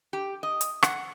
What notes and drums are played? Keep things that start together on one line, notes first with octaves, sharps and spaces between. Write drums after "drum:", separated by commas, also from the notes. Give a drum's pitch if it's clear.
G4
D#5
drum: hi-hat
F#5, drum: rim click